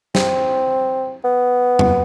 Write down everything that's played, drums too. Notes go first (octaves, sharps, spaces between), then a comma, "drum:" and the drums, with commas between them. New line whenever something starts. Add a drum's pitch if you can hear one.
C4, drum: snare
B3
drum: tom